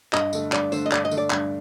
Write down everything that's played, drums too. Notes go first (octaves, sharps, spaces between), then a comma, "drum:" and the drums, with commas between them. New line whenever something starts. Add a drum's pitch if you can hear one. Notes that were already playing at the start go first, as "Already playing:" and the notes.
G2 D#5, drum: clap
D3 A3, drum: tambourine
G2 D5, drum: clap
D3 A3 C5, drum: tambourine
D#5
G2 D5, drum: clap
D#5
D3 A3, drum: tambourine
D5
G2, drum: clap